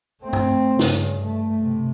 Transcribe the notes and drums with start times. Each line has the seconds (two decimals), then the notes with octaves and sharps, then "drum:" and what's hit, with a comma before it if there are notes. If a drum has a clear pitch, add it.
0.23 A3 C4
0.33 drum: tom G2
0.79 G2 C#3, drum: snare
1.23 A3
1.61 C3